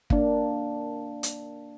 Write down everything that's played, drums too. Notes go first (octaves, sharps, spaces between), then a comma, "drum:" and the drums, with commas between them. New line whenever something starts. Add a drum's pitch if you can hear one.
A#3 D4, drum: kick
drum: hi-hat